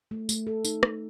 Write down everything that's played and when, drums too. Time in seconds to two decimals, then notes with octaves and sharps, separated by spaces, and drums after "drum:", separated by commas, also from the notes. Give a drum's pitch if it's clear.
0.11 A3
0.29 A3, drum: tambourine
0.47 A4
0.65 D#4, drum: tambourine
0.83 A3, drum: rim click